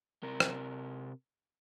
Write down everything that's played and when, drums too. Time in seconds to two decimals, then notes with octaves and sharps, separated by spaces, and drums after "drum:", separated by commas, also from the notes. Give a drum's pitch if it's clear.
0.23 C3 A#4
0.40 drum: rim click